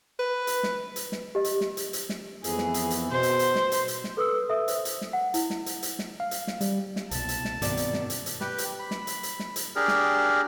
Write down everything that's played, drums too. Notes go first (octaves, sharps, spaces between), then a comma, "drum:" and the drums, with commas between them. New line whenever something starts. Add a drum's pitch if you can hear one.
B4
drum: hi-hat
drum: snare
drum: hi-hat
drum: snare
G4 D#5
drum: hi-hat
drum: snare
drum: hi-hat
drum: hi-hat
drum: snare
F2 E3 B3 G#4, drum: hi-hat
drum: snare
drum: hi-hat
drum: hi-hat
B2 C5
drum: hi-hat
drum: hi-hat
drum: snare
drum: hi-hat
drum: hi-hat
drum: snare
A4 B4 D#6 E6
A4 E5 D#6
C5, drum: hi-hat
drum: hi-hat
drum: snare
F#5
E4, drum: hi-hat
drum: snare
drum: hi-hat
drum: hi-hat
drum: snare
F5
drum: hi-hat
drum: snare
G3, drum: hi-hat
drum: snare
C2 B2 A5, drum: hi-hat
drum: hi-hat
drum: snare
G2 B2 D#3 C4 D5, drum: hi-hat
drum: hi-hat
drum: snare
drum: hi-hat
drum: hi-hat
G4 B4, drum: snare
drum: hi-hat
B5
drum: snare
drum: hi-hat
drum: hi-hat
drum: snare
drum: hi-hat
D4 G4 G#4 A#4
drum: snare